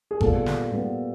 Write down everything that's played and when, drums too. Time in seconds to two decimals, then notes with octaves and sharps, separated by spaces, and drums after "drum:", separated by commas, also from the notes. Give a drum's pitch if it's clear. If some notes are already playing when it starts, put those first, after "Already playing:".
0.11 G#4
0.21 A#2 G3 B3 A4, drum: kick G#1
0.46 drum: snare
0.71 A#2 G3 B3